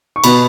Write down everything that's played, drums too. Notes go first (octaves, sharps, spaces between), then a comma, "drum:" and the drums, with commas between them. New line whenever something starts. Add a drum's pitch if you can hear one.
C#6
B2 B3 B5, drum: cymbal